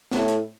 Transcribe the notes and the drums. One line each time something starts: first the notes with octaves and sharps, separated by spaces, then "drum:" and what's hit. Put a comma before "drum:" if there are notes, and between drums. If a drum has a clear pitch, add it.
A2, drum: snare
drum: hi-hat